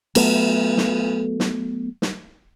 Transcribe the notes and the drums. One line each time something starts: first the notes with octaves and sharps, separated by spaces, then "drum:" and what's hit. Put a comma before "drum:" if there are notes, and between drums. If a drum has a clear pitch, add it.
F#3 A3 B3, drum: cymbal
drum: snare
drum: snare
drum: snare